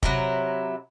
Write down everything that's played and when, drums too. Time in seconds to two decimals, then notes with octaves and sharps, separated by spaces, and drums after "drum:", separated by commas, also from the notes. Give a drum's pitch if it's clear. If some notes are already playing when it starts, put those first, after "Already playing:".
0.03 C3 F#3 E4 A#5, drum: kick